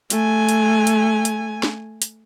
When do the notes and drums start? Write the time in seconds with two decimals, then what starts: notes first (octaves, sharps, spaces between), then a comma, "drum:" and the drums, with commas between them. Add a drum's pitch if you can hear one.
0.10 A3 G#5, drum: hi-hat
0.49 drum: hi-hat
0.87 drum: hi-hat
1.25 drum: hi-hat
1.63 drum: snare
2.02 drum: hi-hat